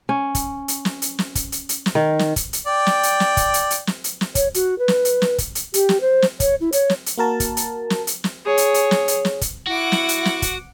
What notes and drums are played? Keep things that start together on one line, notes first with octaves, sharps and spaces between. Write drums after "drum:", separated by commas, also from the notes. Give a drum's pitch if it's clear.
C#4
drum: kick, hi-hat
drum: hi-hat
drum: snare
drum: hi-hat
drum: snare
drum: kick, hi-hat
drum: hi-hat
drum: hi-hat
drum: snare
D#3
drum: snare
drum: kick, hi-hat
drum: hi-hat
D5 G5
drum: snare
drum: hi-hat
drum: snare
drum: kick, hi-hat
drum: hi-hat
drum: hi-hat
drum: snare
drum: hi-hat
drum: snare
C#5, drum: kick, hi-hat
F#4, drum: hi-hat
B4
drum: snare
drum: hi-hat
drum: snare
drum: kick, hi-hat
drum: hi-hat
G4, drum: hi-hat
drum: snare
C5
drum: snare
C#5, drum: kick, hi-hat
E4
C#5, drum: hi-hat
drum: snare
drum: hi-hat
A#3 F#4 A#4 A5
drum: kick, hi-hat
drum: hi-hat
drum: snare
drum: hi-hat
drum: snare
G#4 C#5
drum: hi-hat
drum: hi-hat
drum: snare
drum: hi-hat
drum: snare
drum: kick, hi-hat
E4 F#4 F#5 D6
drum: snare
drum: hi-hat
drum: snare
drum: kick, hi-hat